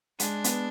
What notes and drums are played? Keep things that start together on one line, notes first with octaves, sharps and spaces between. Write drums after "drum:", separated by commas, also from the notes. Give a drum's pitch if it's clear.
G#3 D4, drum: hi-hat
B3, drum: hi-hat